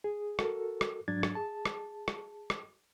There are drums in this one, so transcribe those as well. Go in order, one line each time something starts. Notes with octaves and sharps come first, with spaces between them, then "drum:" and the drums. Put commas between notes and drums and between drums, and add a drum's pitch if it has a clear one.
G#4
F#4 A4 A#4, drum: rim click
drum: rim click
G#2 F#3 D4 G#6 A6
drum: rim click
G#4 A5
drum: rim click
drum: rim click
drum: rim click